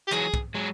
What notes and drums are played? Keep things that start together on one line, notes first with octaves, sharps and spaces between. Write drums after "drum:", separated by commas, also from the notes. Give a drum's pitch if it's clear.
G4
E3 F#3 G#4, drum: clap
drum: kick
F#3 G#3